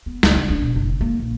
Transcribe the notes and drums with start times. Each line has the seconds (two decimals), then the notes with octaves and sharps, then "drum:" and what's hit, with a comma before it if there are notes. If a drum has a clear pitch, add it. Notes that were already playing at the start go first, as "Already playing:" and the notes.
0.06 B3
0.23 C#2, drum: snare
0.36 C#3
0.50 D4
0.62 B2
0.76 F#1
1.01 A#3
1.19 A#1